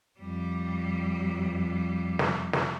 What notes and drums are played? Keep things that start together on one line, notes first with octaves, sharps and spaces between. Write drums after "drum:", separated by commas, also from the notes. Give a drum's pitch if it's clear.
F2 G3
drum: snare
drum: snare